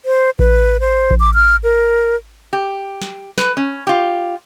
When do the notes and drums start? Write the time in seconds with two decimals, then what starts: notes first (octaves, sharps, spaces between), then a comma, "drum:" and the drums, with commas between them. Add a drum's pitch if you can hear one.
0.05 C5
0.39 B4, drum: kick A1
0.80 C5
1.11 drum: kick A1
1.20 D6
1.34 F6
1.64 A#4
2.53 G4
3.02 drum: snare
3.38 B4, drum: snare
3.57 C#4
3.87 F4 G4